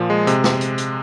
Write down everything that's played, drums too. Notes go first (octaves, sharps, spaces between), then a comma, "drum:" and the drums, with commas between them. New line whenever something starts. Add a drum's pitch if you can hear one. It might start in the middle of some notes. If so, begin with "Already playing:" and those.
Already playing: A#2 F3
G#3
C3, drum: hi-hat
drum: snare
drum: hi-hat
drum: hi-hat